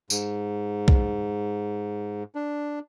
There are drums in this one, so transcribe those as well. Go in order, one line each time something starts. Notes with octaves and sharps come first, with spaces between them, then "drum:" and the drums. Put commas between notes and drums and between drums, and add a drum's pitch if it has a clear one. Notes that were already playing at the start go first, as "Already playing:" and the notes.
G#2, drum: tambourine
drum: kick B1
D4